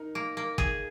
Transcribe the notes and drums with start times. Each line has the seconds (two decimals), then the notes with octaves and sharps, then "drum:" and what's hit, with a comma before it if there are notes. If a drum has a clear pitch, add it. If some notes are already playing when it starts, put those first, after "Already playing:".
Already playing: D#4 A#4
0.15 A#3
0.37 A#3
0.58 G#4, drum: kick